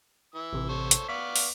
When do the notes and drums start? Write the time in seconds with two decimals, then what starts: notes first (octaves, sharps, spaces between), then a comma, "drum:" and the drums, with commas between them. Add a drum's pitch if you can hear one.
0.35 E3 E6
0.53 A1 C3
0.69 A4 C5 C#5
0.91 drum: hi-hat
1.09 B3 D5 F5 C#6 B6
1.36 drum: open hi-hat